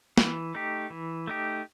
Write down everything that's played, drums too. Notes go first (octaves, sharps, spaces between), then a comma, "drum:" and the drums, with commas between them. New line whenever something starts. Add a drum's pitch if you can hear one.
E3, drum: snare
A3 D#4 G4
E3
A3 D#4 G4